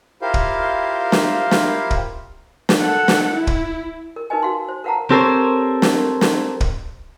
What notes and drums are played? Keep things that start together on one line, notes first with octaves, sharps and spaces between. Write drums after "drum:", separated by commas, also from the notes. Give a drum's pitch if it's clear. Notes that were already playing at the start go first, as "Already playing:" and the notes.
E4 F4 G4 A#4 C5 F5
drum: kick
drum: snare
drum: snare
drum: kick
drum: snare
A4 F#5
drum: snare
E4
drum: kick
A#4
D#4 A#4 B4 D#5 G#5
F#4 F5 C6
C5
A#4 B4 F5 F#5 A5 A#5
C4 G4 A4 A#4 C5 C#5
drum: snare
drum: snare
drum: kick